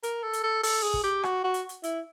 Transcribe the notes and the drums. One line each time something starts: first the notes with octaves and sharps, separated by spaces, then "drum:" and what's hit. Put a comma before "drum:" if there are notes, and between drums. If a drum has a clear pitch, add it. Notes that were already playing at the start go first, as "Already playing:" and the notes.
A#4, drum: hi-hat
A4
drum: hi-hat
A4
A4, drum: open hi-hat
G#4
drum: kick
G4
F#4, drum: rim click
F#4
drum: hi-hat
drum: hi-hat
E4, drum: hi-hat